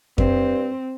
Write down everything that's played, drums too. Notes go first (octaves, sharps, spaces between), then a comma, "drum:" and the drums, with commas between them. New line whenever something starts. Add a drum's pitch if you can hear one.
G2 C4, drum: kick F2